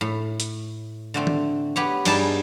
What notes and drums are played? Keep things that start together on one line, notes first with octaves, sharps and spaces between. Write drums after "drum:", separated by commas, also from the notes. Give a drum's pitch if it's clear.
A2
drum: hi-hat
D3 A3 C4
drum: tom D#3
B3 G4 C#5
G2 G3 D#4 G#4 A5, drum: cymbal